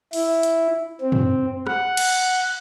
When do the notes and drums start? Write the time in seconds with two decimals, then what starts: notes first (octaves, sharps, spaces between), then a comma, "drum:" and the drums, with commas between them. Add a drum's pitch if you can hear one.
0.13 E4, drum: open hi-hat
0.43 drum: hi-hat
1.01 C4
1.12 drum: tom
1.67 F#5, drum: rim click
1.97 drum: cymbal